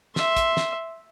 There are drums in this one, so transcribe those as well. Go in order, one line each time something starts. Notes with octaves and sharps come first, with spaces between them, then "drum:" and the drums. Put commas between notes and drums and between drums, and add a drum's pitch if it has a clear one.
E5 C6, drum: snare
drum: kick, hi-hat
drum: snare